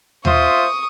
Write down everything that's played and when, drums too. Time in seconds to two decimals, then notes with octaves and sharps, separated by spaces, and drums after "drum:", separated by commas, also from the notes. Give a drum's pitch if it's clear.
0.25 F4 C5 E5 C#6 D#6, drum: tom D#2